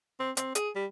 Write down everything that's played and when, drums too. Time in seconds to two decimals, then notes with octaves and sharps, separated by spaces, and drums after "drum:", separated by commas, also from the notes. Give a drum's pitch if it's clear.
0.19 C4
0.37 C4, drum: hi-hat
0.55 G#4, drum: hi-hat
0.75 G3